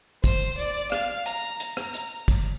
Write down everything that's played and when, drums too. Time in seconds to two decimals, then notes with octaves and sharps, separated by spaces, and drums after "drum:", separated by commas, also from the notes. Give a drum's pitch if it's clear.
0.24 C5, drum: kick, hi-hat
0.58 D5
0.92 F5, drum: rim click
1.26 A#5, drum: hi-hat
1.60 A#5, drum: hi-hat
1.77 drum: rim click
1.94 drum: hi-hat
2.28 drum: kick, hi-hat